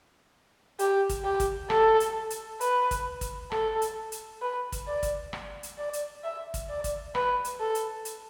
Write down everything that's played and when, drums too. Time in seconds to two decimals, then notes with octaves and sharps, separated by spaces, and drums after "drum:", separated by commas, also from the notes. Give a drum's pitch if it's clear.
0.79 G4, drum: hi-hat
1.09 drum: kick, hi-hat
1.24 G4
1.40 drum: kick, hi-hat
1.70 A4, drum: rim click
2.00 drum: hi-hat
2.30 drum: hi-hat
2.61 B4, drum: hi-hat
2.91 drum: kick, hi-hat
3.21 drum: kick, hi-hat
3.52 A4, drum: rim click
3.82 drum: hi-hat
4.12 drum: hi-hat
4.42 B4
4.72 drum: kick, hi-hat
4.87 D5
5.03 drum: kick, hi-hat
5.33 drum: rim click
5.63 drum: hi-hat
5.78 D5
5.93 drum: hi-hat
6.24 E5
6.54 drum: kick, hi-hat
6.69 D5
6.84 drum: kick, hi-hat
7.15 B4, drum: rim click
7.45 drum: hi-hat
7.60 A4
7.75 drum: hi-hat
8.05 drum: hi-hat